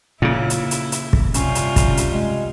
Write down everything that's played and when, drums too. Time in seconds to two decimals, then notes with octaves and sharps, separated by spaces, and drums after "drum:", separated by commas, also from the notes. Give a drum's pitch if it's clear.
0.22 A#2 C#3 E4
0.50 drum: hi-hat
0.71 drum: hi-hat
0.92 drum: hi-hat
1.13 drum: kick
1.34 C3 G3 C#4 F4, drum: hi-hat
1.55 drum: hi-hat
1.76 drum: kick, hi-hat
1.97 drum: hi-hat
2.12 G#3